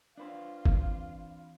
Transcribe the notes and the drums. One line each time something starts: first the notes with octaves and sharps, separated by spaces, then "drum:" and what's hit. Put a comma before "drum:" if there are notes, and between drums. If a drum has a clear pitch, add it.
D4 F4 B4 C5
E3 C4, drum: kick